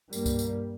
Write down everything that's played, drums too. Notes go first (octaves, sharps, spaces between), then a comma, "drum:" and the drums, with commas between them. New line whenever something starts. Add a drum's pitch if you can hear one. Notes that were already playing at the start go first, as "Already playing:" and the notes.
G2 G3 A#3, drum: tambourine
drum: kick C2, tambourine
drum: tambourine